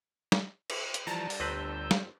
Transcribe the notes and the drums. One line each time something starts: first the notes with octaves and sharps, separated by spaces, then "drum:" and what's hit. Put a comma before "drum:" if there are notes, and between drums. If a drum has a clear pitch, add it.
drum: snare
drum: cymbal
drum: hi-hat
E3 F3 G3 D4 A5 A#5
drum: open hi-hat
G1 D2 C4 B4 E6 G6
drum: snare